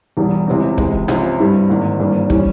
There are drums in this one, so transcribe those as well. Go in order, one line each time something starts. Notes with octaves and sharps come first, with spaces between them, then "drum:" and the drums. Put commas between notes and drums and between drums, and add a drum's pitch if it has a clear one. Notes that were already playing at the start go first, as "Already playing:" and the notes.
E1 E2 E3 G3
C#2 C3 E3 G#3 C4
C#2 C3 E3 G#3, drum: kick
C#2 C3 F3 C4, drum: rim click
G2 G3 C4 E4
G#1 G#2 E3 A#3
G#1 G2 E3 G3 A#3
E3 G3 C#4, drum: kick